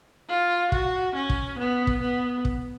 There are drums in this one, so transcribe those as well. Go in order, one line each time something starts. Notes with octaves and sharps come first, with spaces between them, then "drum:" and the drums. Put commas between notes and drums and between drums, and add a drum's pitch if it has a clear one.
F4
F#4, drum: kick
C#4
drum: kick
B3
drum: kick
B3
drum: kick